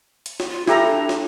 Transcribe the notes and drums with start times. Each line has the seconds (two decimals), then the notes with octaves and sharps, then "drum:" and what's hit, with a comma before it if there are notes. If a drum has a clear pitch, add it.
0.26 drum: hi-hat
0.40 drum: snare
0.50 F4
0.68 E4 G4 A4 A#5, drum: snare
0.87 D4
1.09 drum: snare